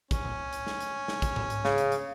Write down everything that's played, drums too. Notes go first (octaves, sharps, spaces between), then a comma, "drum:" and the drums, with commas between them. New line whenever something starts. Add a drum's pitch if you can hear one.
C#4, drum: kick, hi-hat
drum: tom A#2
drum: hi-hat
drum: snare
drum: hi-hat
drum: snare
drum: kick, hi-hat
drum: tom G#2
drum: hi-hat
C#3, drum: snare
drum: hi-hat
drum: hi-hat